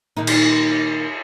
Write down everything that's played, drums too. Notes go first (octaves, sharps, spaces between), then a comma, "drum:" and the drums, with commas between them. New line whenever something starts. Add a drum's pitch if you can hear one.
A#2 D#3 D#4
drum: cymbal